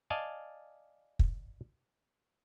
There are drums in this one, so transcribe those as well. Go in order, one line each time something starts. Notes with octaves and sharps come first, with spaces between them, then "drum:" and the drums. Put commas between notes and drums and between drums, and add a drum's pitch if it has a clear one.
D5 D#5 F5 G#5 A5
drum: kick